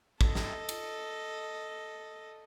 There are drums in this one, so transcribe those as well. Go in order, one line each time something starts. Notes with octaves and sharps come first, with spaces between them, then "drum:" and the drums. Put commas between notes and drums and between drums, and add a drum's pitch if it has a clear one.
A4 D#5, drum: kick
drum: snare
drum: cymbal